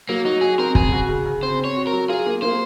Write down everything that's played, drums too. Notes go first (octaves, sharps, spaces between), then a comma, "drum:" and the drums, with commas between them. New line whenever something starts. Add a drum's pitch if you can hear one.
F#3 A#3
D#4 F#4
F#4 G#4
C4 A#4
C#3 G#4, drum: kick
F#4
C#3
C#3
C4 C5
C4
C#5
F#4
A#4
F#3
F4 G#4
A#3
A#3 C5